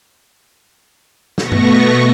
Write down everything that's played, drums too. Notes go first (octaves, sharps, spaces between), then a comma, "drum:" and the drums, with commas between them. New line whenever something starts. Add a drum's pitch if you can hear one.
B2 A3 B3 C#6 A#6, drum: snare
drum: tom G2